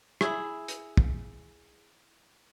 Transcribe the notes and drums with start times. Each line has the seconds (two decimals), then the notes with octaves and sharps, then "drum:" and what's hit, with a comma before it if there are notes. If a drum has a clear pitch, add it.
0.21 E4 G#4, drum: rim click
0.68 drum: hi-hat
0.97 drum: kick